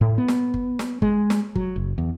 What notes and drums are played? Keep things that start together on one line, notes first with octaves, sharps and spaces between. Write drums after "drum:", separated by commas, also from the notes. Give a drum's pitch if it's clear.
A2
B3
drum: snare
drum: kick G1
drum: snare
G#3, drum: kick G1
drum: snare
F#3, drum: kick G1
F#1
E2